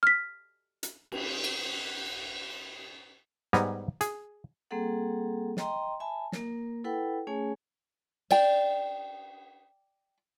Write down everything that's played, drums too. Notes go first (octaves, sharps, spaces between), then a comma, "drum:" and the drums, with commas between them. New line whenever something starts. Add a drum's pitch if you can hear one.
F6 B6
drum: hi-hat
drum: cymbal
drum: cymbal
G#2 G3 B3 G#5 A#5, drum: snare
G#4, drum: hi-hat
G3 A#3 C4 G#4 A4 F#5
D#5 G5 A#5 C6, drum: snare
E5 G#5 A5 B5
A#3 A#4, drum: snare
E4 A4 B4 F#5 G5 B5
A3 C#4 G#4 C#5 G#5
D5 G5, drum: cymbal